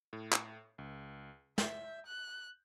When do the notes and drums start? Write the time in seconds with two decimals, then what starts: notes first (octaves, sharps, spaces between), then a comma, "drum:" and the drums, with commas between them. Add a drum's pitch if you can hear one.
0.13 A2
0.33 drum: clap
0.78 C#2
1.58 E5 G6, drum: snare
2.06 F#6